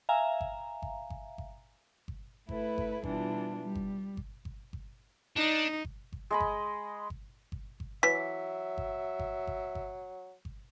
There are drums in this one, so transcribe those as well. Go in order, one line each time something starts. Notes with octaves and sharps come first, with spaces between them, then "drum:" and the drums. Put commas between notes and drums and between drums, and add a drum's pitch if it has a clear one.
E5 F5 G#5 A#5
drum: kick G1
drum: kick G1
drum: kick G1
drum: kick G1
drum: kick G1
A3 E4 A4 B4, drum: kick G1
drum: kick G1
B2 E3 G3 D4 F4, drum: kick G1
G3
drum: kick G1
drum: kick G1
drum: kick G1
drum: kick G1
D4 D#4
drum: kick G1
drum: kick G1
G#3 D#5 B5
drum: kick G1
drum: kick G1
drum: kick G1
drum: kick G1
E3 F#3 E5 B6
drum: kick G1
drum: kick G1
drum: kick G1
drum: kick G1
drum: kick G1